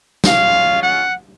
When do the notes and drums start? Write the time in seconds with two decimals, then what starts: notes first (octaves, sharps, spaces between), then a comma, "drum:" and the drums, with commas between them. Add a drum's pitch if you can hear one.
0.24 G#3 C#4 F4 F5, drum: snare
0.81 F#5